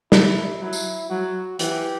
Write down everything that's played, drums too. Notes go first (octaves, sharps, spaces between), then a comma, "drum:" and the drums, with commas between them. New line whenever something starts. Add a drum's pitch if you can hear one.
E4, drum: snare
F#3 E4
drum: tambourine
F#3 F#4
E3 G4, drum: hi-hat